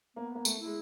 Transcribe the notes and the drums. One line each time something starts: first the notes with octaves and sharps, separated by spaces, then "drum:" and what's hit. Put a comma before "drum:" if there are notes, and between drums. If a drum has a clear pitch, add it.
A#3 B3
A#3
A3, drum: tambourine
E4
G#3